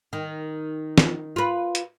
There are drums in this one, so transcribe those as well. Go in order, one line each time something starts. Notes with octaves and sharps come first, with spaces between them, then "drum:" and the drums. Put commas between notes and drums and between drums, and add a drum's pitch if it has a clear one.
D#3
drum: snare
F4 B4
drum: hi-hat